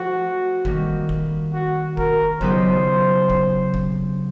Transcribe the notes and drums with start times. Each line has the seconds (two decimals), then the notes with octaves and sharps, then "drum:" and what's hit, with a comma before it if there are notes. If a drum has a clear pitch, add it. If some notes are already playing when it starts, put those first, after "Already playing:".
Already playing: F3 A3 F#4
0.65 D#3 G3 A#3, drum: kick
1.09 drum: kick
1.53 F#4
1.97 A#4, drum: kick
2.41 C#3 F#3 B3 D#4 G4 C5, drum: kick
3.30 drum: kick
3.74 drum: kick